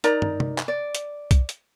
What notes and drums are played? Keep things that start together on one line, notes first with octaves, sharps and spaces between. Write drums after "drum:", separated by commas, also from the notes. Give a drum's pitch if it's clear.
D#4 A#4 D5 A#5, drum: hi-hat
drum: tom
drum: tom C3
drum: clap
D5
drum: hi-hat
drum: kick B1, hi-hat
drum: hi-hat